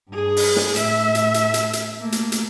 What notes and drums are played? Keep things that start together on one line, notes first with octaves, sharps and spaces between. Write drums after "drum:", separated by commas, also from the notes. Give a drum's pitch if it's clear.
G2 G#4
drum: open hi-hat
drum: snare
A2 E5, drum: hi-hat
drum: hi-hat
drum: hi-hat
drum: hi-hat
drum: hi-hat
A3 A#3
drum: hi-hat
drum: hi-hat